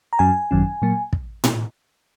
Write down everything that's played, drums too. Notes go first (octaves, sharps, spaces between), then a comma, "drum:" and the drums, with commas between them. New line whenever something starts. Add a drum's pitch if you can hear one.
A#5
F#2 F#3 C#4 G#5
G#1 F#2 D#3 F#3 C#4
A#2 F#3 A#3
drum: kick
drum: tom A2